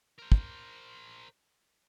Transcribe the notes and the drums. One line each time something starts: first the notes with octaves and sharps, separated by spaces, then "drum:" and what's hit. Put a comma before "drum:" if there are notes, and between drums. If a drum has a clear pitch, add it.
A#4 C5
drum: kick